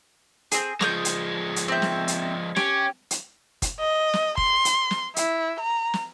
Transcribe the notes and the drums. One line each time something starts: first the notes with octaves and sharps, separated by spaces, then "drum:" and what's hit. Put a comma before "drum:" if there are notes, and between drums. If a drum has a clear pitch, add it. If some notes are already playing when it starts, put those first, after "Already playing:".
C4 G#4, drum: hi-hat
F3 G#3 D#6 F6 G6, drum: snare
drum: hi-hat
drum: hi-hat
C4 E5
drum: snare
drum: hi-hat
C#4 G4, drum: snare
drum: hi-hat
drum: kick, hi-hat
D#5
drum: snare
C6, drum: kick
drum: hi-hat
drum: snare
E4, drum: hi-hat
A#5
drum: snare